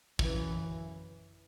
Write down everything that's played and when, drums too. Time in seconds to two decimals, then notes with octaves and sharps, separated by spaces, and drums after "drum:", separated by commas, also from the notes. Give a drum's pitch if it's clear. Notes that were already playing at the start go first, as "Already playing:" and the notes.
0.19 F#2 C#3 E3, drum: kick